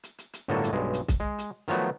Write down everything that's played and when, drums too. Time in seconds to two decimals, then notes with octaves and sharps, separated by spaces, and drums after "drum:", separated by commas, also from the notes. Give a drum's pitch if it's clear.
0.03 drum: hi-hat
0.18 drum: hi-hat
0.33 drum: hi-hat
0.48 G1 A2 D3 F#3 A#3 A4
0.63 drum: hi-hat
0.73 B1 G2 G#3
0.93 drum: hi-hat
1.08 drum: kick, hi-hat
1.20 G#3
1.38 drum: hi-hat
1.68 D#3 F3 F#3 A3 B3, drum: open hi-hat